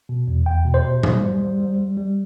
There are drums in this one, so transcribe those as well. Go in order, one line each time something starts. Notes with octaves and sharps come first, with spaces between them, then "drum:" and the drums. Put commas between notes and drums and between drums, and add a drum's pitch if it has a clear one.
B2
E2
E2 G5
B2
C5
B2
G3, drum: tom G#2
G3
G3
G3
G3
G3